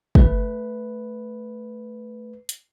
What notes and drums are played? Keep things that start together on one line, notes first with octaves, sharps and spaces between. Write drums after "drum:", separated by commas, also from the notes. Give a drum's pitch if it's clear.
A3 B4, drum: kick
drum: hi-hat